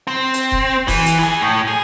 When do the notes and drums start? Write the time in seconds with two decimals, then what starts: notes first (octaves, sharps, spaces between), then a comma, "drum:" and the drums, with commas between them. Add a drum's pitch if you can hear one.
0.07 C4
0.34 drum: hi-hat
0.52 drum: kick E1
0.88 E3, drum: kick E1, open hi-hat
1.06 drum: hi-hat
1.19 E3 G#4
1.43 A2
1.67 G#4